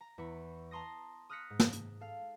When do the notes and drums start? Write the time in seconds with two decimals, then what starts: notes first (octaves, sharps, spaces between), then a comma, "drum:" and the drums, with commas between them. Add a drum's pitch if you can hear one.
0.01 A#5
0.18 E2 B5 C#6
0.71 A5 A#5 C6 D#6 A#6
1.30 D#6 F6 F#6 A#6 B6 C#7
1.50 G#2
1.60 drum: snare
1.73 drum: hi-hat
2.01 A4 F5